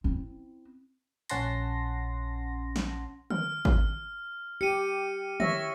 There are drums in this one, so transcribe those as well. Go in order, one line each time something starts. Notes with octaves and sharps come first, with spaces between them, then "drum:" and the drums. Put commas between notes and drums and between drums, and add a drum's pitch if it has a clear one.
C4 E4
A#1 C#4 F#5 A5 C6 A#6, drum: hi-hat
drum: snare
F6, drum: tom
drum: kick G#1
G4 C#7 D#7
C#5 E5 A#6, drum: tom